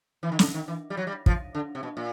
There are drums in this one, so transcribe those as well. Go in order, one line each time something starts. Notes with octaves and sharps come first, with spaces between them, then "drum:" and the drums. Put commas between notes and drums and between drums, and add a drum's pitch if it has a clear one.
E3
D#3
D3, drum: snare
D#3
E3
G3
F#3
G3
F3, drum: kick
D3
C3
B2
A#2